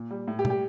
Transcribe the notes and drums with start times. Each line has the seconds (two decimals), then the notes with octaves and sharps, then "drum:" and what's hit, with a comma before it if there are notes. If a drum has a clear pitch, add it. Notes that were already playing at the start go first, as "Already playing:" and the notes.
Already playing: A#2
0.11 G3
0.28 A2
0.39 G4
0.45 G3, drum: tom
0.50 G4